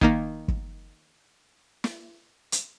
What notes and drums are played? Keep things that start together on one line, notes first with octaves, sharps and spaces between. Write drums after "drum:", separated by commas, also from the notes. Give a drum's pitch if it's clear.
D#3 A#3 D#4, drum: kick
drum: kick
drum: snare
drum: hi-hat